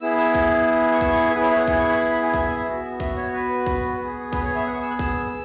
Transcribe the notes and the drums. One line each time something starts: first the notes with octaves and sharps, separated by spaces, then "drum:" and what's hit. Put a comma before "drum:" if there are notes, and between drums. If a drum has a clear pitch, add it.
B3 E4 G#4 E6
E6
drum: kick
C#6
E6, drum: kick
C#6
B3 E4 G#4 B4
C#5
E5
F#5
G#5, drum: kick
C#6
B5
B5
B5
G#5
E5, drum: kick
B3 F#4
E5, drum: kick
C#5
B4
drum: kick
B3 G#4
B4, drum: kick
C#5
E5
F#5
C#6
E6
F#6
E6, drum: kick